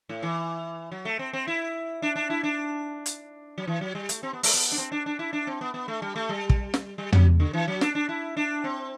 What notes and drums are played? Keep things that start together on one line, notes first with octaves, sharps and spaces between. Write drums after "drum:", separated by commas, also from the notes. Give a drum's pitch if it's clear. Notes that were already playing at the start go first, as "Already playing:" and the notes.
A2
E3
F#3
A3
C4
C4
E4
D4
D4
E4
D4
drum: hi-hat
F#3
E3
F#3
G3
A3, drum: hi-hat
C4
B3
A3, drum: open hi-hat
B3
D4
C4
D4
D4
E4
D4
C4
B3
B3
A3
G3
A3
G3
drum: kick
drum: snare
G3
F#3, drum: tom
D3
E3
F#3
D4, drum: snare
D4
E4
D4
C4